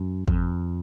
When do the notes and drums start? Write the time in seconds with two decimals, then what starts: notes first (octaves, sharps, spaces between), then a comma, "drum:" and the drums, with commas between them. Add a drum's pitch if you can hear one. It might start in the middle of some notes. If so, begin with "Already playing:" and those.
Already playing: F#2
0.28 F2, drum: kick